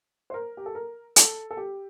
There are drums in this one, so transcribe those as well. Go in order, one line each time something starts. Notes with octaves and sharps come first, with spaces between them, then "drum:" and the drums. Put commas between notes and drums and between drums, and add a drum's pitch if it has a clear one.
C5
A#4
G4
A4
A#4
A4, drum: hi-hat
A4
G4